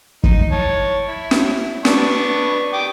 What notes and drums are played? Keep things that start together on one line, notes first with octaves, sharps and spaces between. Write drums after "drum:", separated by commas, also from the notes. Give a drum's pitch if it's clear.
D#4, drum: kick
C#5 A5
E4
drum: snare
B3 D4 C#6, drum: snare
G5 D6 D#6